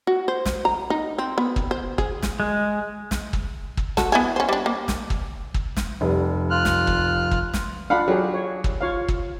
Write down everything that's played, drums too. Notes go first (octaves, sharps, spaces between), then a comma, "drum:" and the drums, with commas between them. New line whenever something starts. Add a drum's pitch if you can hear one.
F#4
C5
drum: snare
A#5
D#4
C4
B3
drum: kick
C5
G#4, drum: kick
drum: snare
G#3
drum: snare
drum: kick
drum: kick
F#4 A4, drum: snare
B3 E4 G#4
C#4 C5
G3 D4
A#3
drum: snare
drum: kick
drum: kick
drum: snare
F1 G3
F4 F6 F#6
drum: snare
drum: kick
drum: kick
drum: snare
D4 F4 F5 F#5 B5
F#3 G4 G#4
C#5
drum: kick
F4 C#5 F5
drum: kick